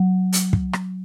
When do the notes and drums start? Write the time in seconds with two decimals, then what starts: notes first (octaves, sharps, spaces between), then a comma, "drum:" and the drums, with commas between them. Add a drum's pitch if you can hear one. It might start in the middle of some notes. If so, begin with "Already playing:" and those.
Already playing: F#3
0.33 drum: hi-hat
0.53 drum: kick
0.73 drum: rim click